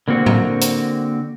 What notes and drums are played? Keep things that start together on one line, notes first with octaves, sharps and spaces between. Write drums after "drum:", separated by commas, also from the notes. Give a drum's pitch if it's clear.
D3 A#3 C4 F#4
drum: tom A2
drum: hi-hat